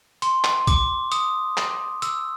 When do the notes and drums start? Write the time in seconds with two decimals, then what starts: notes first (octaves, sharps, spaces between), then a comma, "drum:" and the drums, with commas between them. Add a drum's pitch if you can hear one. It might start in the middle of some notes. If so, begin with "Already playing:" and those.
0.22 C6, drum: hi-hat
0.44 drum: clap
0.67 D6, drum: kick, hi-hat
1.12 D#6, drum: hi-hat
1.57 drum: clap
2.02 E6, drum: hi-hat